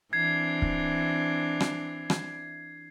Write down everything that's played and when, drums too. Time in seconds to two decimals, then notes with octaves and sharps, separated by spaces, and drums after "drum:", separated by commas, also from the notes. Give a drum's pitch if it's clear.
0.13 E3 C4 D4 G#6 C7
0.62 drum: kick
1.60 drum: rim click
2.10 drum: rim click